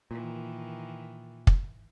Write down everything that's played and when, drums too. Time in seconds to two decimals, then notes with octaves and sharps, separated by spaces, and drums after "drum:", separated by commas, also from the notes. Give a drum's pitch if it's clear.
0.11 A#2 D#3 E3
1.47 drum: kick